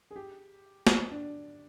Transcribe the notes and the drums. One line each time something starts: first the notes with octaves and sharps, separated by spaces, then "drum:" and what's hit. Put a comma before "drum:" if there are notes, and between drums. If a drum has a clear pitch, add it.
G#4
G4
drum: snare
D4